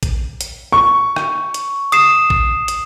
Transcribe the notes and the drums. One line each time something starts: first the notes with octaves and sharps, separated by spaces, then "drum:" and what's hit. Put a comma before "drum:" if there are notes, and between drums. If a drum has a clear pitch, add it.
drum: kick, hi-hat
drum: hi-hat
C#6
drum: rim click
drum: hi-hat
D#6 C7 E7, drum: hi-hat
drum: kick
drum: hi-hat